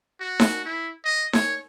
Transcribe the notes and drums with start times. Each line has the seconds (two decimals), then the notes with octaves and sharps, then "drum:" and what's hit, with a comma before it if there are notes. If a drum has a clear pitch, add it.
0.20 F#4
0.40 drum: snare D#4
0.65 E4
1.04 D#5
1.33 C#5, drum: snare D#4